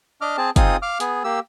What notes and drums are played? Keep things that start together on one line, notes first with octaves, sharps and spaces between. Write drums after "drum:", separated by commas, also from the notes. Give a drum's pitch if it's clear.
D4 D#5 D6 F6
C4 G#4 A5
C4 D#4 F4 G#4 D#6, drum: kick, hi-hat
F5 D6 F6
B3 G#4, drum: hi-hat
A#3 G4 E6